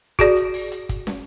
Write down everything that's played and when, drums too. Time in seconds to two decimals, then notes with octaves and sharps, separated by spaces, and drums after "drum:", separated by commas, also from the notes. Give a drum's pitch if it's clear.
0.19 F#4 G#4 D5, drum: kick, hi-hat
0.36 drum: hi-hat
0.54 drum: open hi-hat
0.72 drum: hi-hat
0.89 drum: kick, hi-hat
1.07 drum: snare